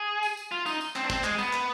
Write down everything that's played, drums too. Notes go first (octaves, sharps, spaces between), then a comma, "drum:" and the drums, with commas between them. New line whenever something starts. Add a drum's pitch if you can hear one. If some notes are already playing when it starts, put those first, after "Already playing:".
Already playing: G#4
drum: tambourine
drum: tambourine
F4
D#4, drum: tambourine
drum: tambourine
C4, drum: clap
D4
C4, drum: kick, tambourine
G#3, drum: clap
B3, drum: tambourine
drum: clap